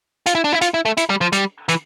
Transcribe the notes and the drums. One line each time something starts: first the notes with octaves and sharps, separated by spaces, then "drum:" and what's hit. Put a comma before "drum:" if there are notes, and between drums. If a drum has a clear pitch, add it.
F4, drum: hi-hat
E4
D4
E4
F4, drum: hi-hat
E4
A3
E4, drum: hi-hat
G3
F3
G3, drum: hi-hat
E3, drum: hi-hat